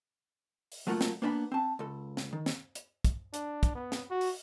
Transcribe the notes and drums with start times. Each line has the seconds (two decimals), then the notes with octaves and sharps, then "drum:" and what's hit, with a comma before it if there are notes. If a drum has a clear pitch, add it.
0.72 drum: open hi-hat
0.87 F#3 A3 A#3 F4 F#5
1.01 drum: snare
1.22 A#3 B3 D4 F#5 B5
1.52 C4 A5
1.79 C#2 A4
2.17 drum: snare
2.33 D#3
2.46 drum: snare
2.75 drum: hi-hat
3.05 drum: kick, hi-hat
3.34 D4, drum: hi-hat
3.63 drum: kick, hi-hat
3.75 B3
3.92 drum: snare
4.11 F#4
4.21 drum: open hi-hat